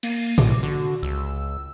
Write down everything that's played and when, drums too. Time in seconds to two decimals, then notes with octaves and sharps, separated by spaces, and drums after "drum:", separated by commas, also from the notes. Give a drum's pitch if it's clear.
0.03 A#3, drum: cymbal
0.38 B1 D6, drum: tom
0.63 D3 F#4
1.03 C#2 E6